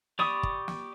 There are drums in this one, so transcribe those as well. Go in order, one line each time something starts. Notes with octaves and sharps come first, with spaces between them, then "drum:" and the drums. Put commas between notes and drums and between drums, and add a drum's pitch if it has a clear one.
G4 D5 B5 C#6 D#6, drum: snare
drum: kick
drum: snare